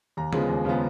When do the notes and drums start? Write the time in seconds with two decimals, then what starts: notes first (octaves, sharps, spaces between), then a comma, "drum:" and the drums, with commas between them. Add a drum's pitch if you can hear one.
0.17 D#2 A#5
0.33 C#3 F3 G#3 B3, drum: tom D3
0.49 D#2
0.65 C#3 F3 G#3 B3